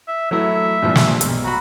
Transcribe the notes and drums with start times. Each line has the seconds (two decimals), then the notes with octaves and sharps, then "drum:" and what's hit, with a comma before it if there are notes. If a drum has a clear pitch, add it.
0.08 E5
0.31 F#3 A3 E4 E5
0.82 G2 A#2 F3
0.96 drum: snare
1.21 B1, drum: hi-hat
1.44 F#4 A#5 B5